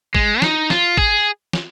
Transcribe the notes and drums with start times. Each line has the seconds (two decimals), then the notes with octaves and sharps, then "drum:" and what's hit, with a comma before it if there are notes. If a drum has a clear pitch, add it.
0.15 G#3, drum: kick
0.42 D#4, drum: snare
0.70 F4, drum: snare
0.97 G#4, drum: kick
1.53 drum: snare